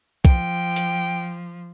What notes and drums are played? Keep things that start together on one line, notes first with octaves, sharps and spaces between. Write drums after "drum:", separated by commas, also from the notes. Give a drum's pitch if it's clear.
F3 G5, drum: kick
drum: hi-hat